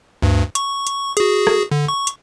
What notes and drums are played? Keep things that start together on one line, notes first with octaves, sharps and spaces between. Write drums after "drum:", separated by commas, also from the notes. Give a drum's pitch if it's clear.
D2 G2
C#6, drum: hi-hat
drum: hi-hat
F#4 G#4, drum: hi-hat
drum: rim click
D3
C#6
drum: hi-hat